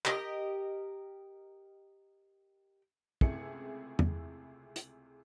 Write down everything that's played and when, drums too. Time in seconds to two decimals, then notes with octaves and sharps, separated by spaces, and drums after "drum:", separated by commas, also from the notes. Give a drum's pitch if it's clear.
0.06 G4 A#4 D#5, drum: clap
3.21 C#2 C3 A3 E4 G#4 C#7, drum: kick
3.99 drum: tom E2
4.76 drum: hi-hat